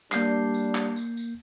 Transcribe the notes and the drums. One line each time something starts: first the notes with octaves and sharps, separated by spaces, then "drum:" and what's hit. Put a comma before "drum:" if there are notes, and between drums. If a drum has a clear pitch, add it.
G3 A#3 D4 G6 C7, drum: clap
drum: tambourine
drum: clap
drum: tambourine
drum: tambourine